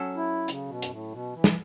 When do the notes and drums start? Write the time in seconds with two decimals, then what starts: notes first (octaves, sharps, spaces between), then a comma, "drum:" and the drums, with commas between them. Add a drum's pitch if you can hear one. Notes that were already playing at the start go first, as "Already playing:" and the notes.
Already playing: F#3 C#4 A4
0.16 E4
0.48 C#3, drum: hi-hat
0.69 B2
0.82 F#2, drum: hi-hat
0.91 A2
1.12 B2
1.34 E3
1.44 drum: snare